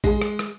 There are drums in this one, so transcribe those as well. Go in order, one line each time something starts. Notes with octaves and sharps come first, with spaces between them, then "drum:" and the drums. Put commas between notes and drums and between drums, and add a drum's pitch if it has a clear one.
G#3, drum: kick A#1, tambourine
drum: rim click
drum: rim click